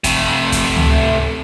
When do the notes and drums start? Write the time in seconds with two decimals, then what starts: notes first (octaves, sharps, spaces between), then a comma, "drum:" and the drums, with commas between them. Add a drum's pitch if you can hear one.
0.04 C3 A3, drum: kick, hi-hat
0.52 drum: kick, hi-hat
0.76 drum: tom C#2